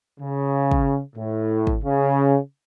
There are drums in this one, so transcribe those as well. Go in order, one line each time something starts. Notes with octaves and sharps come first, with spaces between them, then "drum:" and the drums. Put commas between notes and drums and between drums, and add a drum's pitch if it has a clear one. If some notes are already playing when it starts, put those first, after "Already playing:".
C#3
drum: kick
A2
drum: kick
C#3